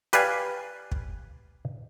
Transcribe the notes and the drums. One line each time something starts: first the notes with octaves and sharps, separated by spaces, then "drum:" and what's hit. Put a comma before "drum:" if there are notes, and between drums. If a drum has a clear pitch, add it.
G4 B4 D5 F5 G#5, drum: hi-hat
drum: kick